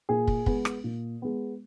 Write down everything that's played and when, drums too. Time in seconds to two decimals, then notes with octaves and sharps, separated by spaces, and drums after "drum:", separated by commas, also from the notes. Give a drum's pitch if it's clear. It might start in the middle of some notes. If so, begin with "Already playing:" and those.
0.09 A#2 G#4
0.28 drum: kick
0.46 G#3 B3, drum: kick
0.65 drum: rim click
0.84 A#2
1.22 G#3 B3